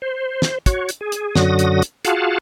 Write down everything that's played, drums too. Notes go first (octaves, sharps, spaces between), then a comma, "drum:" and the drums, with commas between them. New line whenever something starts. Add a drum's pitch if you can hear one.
C5
drum: snare
F#4 C#5, drum: kick, hi-hat
drum: hi-hat
G#4
drum: hi-hat
F#2 D3 F#3 F#4 D#6 A#6, drum: snare
drum: hi-hat
drum: hi-hat
F4 F#4 G#4 F5 F#5 A5, drum: hi-hat